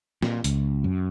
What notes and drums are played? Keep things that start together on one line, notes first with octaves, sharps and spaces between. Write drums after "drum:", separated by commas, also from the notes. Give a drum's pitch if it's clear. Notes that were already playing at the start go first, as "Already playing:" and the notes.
A#2, drum: snare
C#2, drum: hi-hat
F#2